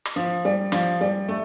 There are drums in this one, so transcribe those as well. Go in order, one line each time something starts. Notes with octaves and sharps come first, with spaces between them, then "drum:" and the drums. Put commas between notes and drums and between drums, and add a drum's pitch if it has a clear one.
drum: hi-hat
F3
G3
F3, drum: hi-hat
G3
A3